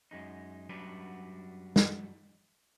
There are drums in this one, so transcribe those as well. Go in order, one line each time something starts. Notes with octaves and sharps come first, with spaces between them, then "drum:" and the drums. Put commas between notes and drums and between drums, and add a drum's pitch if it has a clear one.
F#2 G#3 D#4
F#2 F#3 G3 D4 F#4 B4
drum: snare